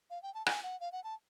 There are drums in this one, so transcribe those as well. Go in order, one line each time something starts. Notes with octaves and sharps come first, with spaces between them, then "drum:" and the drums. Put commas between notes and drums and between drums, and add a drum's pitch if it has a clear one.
F5
G5
A5
G#5, drum: rim click
F#5
F5
F#5
A5